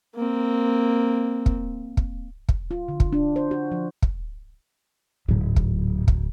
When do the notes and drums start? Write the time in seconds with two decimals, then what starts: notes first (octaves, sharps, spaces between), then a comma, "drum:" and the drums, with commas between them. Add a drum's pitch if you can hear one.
0.15 A#3 C4
1.46 drum: kick
1.97 drum: kick
2.49 drum: kick
2.71 F4
2.89 D3
3.00 drum: kick
3.13 D4
3.36 C5
3.51 F#4
3.71 F3
4.02 drum: kick
5.28 D1 G#2 F#3
5.56 drum: kick
6.08 drum: kick